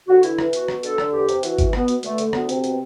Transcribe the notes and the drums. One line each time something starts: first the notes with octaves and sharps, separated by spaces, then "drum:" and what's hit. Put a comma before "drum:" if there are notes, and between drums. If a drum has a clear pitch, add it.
D3 F#4
E3 E4, drum: hi-hat
E3, drum: rim click
B2 F#4, drum: hi-hat
B2, drum: rim click
D3 A4, drum: hi-hat
D3, drum: rim click
E2 G4
C3, drum: hi-hat
E3 F#4, drum: hi-hat
E3, drum: kick, hi-hat
B2 B3, drum: rim click
B2, drum: hi-hat
D3 A3, drum: hi-hat
D3, drum: hi-hat
D2 B3, drum: rim click
C3 C4, drum: hi-hat
B2, drum: hi-hat